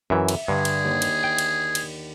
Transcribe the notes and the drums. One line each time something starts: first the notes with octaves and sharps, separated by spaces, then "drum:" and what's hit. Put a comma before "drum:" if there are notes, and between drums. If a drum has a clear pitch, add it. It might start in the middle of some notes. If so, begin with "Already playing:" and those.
F#2 E3 E5
drum: cymbal
G2 D3 G#4
drum: cymbal
D#2
drum: cymbal
G5
drum: cymbal
drum: cymbal